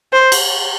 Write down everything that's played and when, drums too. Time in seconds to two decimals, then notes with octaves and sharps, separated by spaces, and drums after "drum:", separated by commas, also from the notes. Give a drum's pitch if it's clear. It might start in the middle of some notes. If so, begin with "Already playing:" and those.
0.13 C5
0.32 drum: cymbal